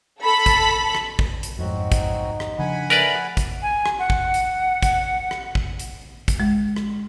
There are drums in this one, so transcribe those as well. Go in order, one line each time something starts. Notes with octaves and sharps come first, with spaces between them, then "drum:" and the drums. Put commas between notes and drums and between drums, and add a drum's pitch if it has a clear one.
A4 B5
drum: kick, hi-hat
drum: rim click
drum: kick
drum: hi-hat
F2 G#2 F#3 C4 D#4 F#4
drum: kick, hi-hat
drum: rim click
C#3 F3 D4 F#5 G#5 B5
A3 A#4 B4 D5, drum: hi-hat
drum: kick, hi-hat
G#5
drum: rim click
F#5
drum: kick
drum: hi-hat
drum: kick, hi-hat
drum: rim click
drum: kick
drum: hi-hat
drum: kick, hi-hat
G#3
drum: rim click